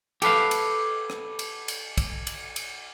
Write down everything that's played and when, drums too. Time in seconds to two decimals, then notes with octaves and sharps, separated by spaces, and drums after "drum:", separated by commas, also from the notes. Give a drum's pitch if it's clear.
0.22 G4 A4 B4 F5, drum: cymbal
0.51 drum: cymbal
1.10 drum: rim click
1.39 drum: cymbal
1.68 drum: cymbal
1.97 drum: kick, cymbal
2.27 drum: cymbal
2.56 drum: cymbal